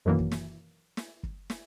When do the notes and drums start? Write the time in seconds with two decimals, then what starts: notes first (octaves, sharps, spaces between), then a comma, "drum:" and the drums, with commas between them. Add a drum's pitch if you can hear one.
0.05 B1 F#2 D#3 E3 F#3 A#3
0.18 drum: kick
0.32 drum: snare
0.97 drum: snare
1.23 drum: kick
1.50 drum: snare